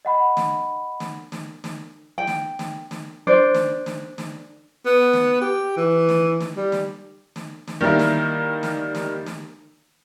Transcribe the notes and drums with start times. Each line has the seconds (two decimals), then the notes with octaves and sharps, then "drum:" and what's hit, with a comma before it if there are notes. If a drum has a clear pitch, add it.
0.05 D#5 F#5 B5
0.37 drum: snare
1.00 drum: snare
1.32 drum: snare
1.64 drum: snare
2.18 G5
2.27 drum: snare
2.59 drum: snare
2.91 drum: snare
3.27 D4 C5 D5
3.55 drum: snare
3.86 drum: snare
4.18 drum: snare
4.86 B3
5.13 drum: snare
5.41 G4
5.77 E3
6.09 drum: snare
6.41 drum: snare
6.56 G3
6.72 drum: snare
7.36 drum: snare
7.68 drum: snare
7.81 D#3 G3 A#3 E4
7.99 drum: snare
8.63 drum: snare
8.95 drum: snare
9.26 drum: snare